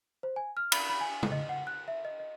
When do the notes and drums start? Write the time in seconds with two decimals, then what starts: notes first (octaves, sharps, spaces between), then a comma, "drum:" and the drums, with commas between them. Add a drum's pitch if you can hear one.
0.23 C5
0.36 G#5
0.57 F6
0.72 B5, drum: cymbal
0.89 B5
1.01 G#5
1.23 drum: tom C#3
1.32 D#5
1.49 F#5
1.67 F#6
1.88 E5
2.05 D#5
2.20 D#5